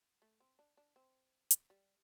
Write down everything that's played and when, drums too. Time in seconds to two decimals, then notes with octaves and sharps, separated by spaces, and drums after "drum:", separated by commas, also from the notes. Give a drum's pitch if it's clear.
0.22 A3
0.40 C4
0.59 D4
0.77 D4
0.96 C4
1.51 drum: hi-hat
1.70 G3